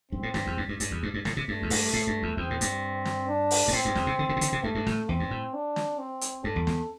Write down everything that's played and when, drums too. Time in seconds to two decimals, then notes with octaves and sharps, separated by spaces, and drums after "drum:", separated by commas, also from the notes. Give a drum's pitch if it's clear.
0.12 G2 C4
0.23 A2
0.34 G2, drum: snare
0.47 E2
0.57 G2
0.69 G2
0.80 G2, drum: hi-hat
0.91 E2
1.03 G2
1.14 G2
1.25 A2, drum: snare
1.37 C3
1.48 G2 A3
1.62 E2
1.70 G2, drum: open hi-hat
1.93 A2
2.07 G2
2.23 E2
2.37 E2 C4
2.50 A2
2.61 G2, drum: hi-hat
3.05 drum: snare
3.28 D4
3.51 drum: open hi-hat
3.68 G2
3.73 A2 C4
3.85 G2
3.95 E2, drum: snare
4.07 C3
4.19 D3
4.29 D3
4.37 C3
4.41 D3, drum: hi-hat
4.52 C3
4.63 G2 A3
4.75 G2
4.87 A2, drum: snare
5.09 E2 C4
5.20 G2
5.31 A2
5.54 D4
5.76 drum: snare
5.99 C4
6.21 drum: hi-hat
6.44 G2 A4
6.56 E2
6.67 E2, drum: snare